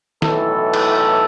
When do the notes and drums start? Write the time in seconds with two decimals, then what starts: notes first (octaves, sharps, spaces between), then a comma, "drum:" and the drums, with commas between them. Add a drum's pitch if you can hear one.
0.22 B1 A2 E3 A4, drum: snare
0.74 drum: cymbal